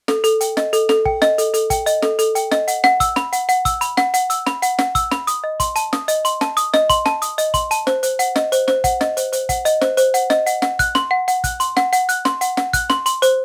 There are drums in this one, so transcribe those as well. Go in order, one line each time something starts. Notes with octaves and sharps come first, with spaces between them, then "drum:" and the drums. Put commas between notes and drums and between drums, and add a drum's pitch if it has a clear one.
A4, drum: snare
A4, drum: hi-hat
G5, drum: hi-hat
D#5, drum: snare
A4, drum: hi-hat
A4, drum: snare
G5, drum: kick
D#5, drum: snare
A4, drum: hi-hat
A4, drum: hi-hat
G5, drum: kick, hi-hat
D#5, drum: hi-hat
A4, drum: snare
A4, drum: hi-hat
G5, drum: hi-hat
D#5, drum: snare
F#5, drum: hi-hat
F#5, drum: snare
E6, drum: kick, hi-hat
B5, drum: snare
F#5, drum: hi-hat
F#5, drum: hi-hat
E6, drum: kick, hi-hat
B5, drum: hi-hat
F#5, drum: snare
F#5, drum: hi-hat
E6, drum: hi-hat
B5, drum: snare
F#5, drum: hi-hat
F#5, drum: snare
E6, drum: kick, hi-hat
B5, drum: snare
D#6, drum: hi-hat
D#5
C6, drum: kick, hi-hat
A5, drum: hi-hat
D#6, drum: snare
D#5, drum: hi-hat
C6, drum: hi-hat
A5, drum: snare
D#6, drum: hi-hat
D#5, drum: snare
C6, drum: kick, hi-hat
A5, drum: snare
D#6, drum: hi-hat
D#5, drum: hi-hat
C6, drum: kick, hi-hat
A5, drum: hi-hat
C5, drum: snare
C5, drum: hi-hat
F#5, drum: hi-hat
D#5, drum: snare
C5, drum: hi-hat
C5, drum: snare
F#5, drum: kick, hi-hat
D#5, drum: snare
C5, drum: hi-hat
C5, drum: hi-hat
F#5, drum: kick, hi-hat
D#5, drum: hi-hat
C5, drum: snare
C5, drum: hi-hat
F#5, drum: hi-hat
D#5, drum: snare
F#5, drum: hi-hat
F#5, drum: snare
F#6, drum: kick, hi-hat
C6, drum: snare
F#5
F#5, drum: hi-hat
F#6, drum: kick, hi-hat
C6, drum: hi-hat
F#5, drum: snare
F#5, drum: hi-hat
F#6, drum: hi-hat
C6, drum: snare
F#5, drum: hi-hat
F#5, drum: snare
F#6, drum: kick, hi-hat
C6, drum: snare
C6, drum: hi-hat
C5, drum: hi-hat